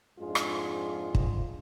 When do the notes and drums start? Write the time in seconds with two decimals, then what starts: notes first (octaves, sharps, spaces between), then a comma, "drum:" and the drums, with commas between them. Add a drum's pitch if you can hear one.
0.19 F2 G#2 G#3 D4 F4
0.35 drum: rim click
1.15 drum: kick